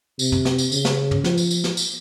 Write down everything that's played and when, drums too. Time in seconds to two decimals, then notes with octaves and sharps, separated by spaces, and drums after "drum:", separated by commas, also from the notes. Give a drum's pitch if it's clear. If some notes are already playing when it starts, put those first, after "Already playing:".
0.19 C3, drum: tambourine
0.32 drum: tom
0.45 drum: snare
0.58 drum: tambourine
0.72 C#3, drum: tambourine
0.85 drum: snare
1.11 drum: tom
1.24 F3, drum: snare
1.38 drum: tambourine
1.51 drum: tambourine
1.64 drum: snare
1.77 drum: tambourine